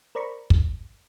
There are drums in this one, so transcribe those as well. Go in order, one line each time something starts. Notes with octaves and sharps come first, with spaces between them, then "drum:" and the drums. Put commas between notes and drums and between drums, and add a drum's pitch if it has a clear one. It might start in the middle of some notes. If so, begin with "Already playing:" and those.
A#4 C5 D5 A#5 B5 C#6
drum: kick